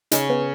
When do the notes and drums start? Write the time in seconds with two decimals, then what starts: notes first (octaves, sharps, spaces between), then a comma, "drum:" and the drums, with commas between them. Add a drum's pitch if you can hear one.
0.12 C#3 D#4, drum: hi-hat
0.30 B3